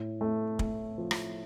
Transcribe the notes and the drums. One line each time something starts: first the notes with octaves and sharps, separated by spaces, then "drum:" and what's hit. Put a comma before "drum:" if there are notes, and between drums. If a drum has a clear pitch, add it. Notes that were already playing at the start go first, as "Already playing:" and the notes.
Already playing: A2
A3
A3, drum: kick
F3
drum: rim click